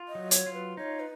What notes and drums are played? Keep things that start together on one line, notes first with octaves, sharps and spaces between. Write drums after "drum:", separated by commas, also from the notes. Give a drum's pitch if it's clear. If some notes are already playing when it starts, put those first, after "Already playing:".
Already playing: F4
D#5
F#3
C#5, drum: hi-hat
F4
B4
D#4 C#5
B4